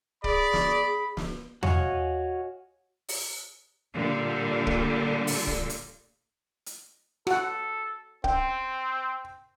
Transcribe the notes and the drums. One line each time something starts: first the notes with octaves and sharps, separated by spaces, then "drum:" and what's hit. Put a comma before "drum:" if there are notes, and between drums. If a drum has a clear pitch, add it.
G#4 D5 B5, drum: kick
drum: snare
drum: snare
F#4 C#5 D#5 F5 G#5, drum: tom E2
drum: open hi-hat
A#2 D3 G3
drum: kick
drum: open hi-hat
drum: kick
drum: hi-hat
drum: hi-hat
F#4 A4 F#5, drum: rim click
C4 G5, drum: kick